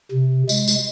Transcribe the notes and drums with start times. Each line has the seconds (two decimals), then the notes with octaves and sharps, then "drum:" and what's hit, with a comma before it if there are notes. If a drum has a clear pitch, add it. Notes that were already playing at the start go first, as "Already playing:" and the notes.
0.11 C3
0.49 G#3, drum: tambourine
0.68 drum: tambourine